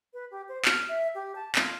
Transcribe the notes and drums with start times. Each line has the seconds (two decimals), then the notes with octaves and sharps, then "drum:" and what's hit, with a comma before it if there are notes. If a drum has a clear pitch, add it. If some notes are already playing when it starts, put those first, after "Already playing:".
0.14 B4
0.31 G4
0.49 C5
0.65 F6, drum: clap
0.88 E5
1.15 G4
1.35 A5
1.55 F4, drum: clap